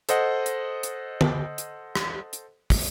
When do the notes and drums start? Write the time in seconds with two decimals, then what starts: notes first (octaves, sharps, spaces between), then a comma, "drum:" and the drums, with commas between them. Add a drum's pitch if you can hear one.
0.09 A4 C5 D#5 F#5, drum: hi-hat
0.46 drum: hi-hat
0.83 drum: hi-hat
1.21 drum: tom D3
1.58 drum: hi-hat
1.95 drum: rim click
2.33 drum: hi-hat
2.70 drum: kick, open hi-hat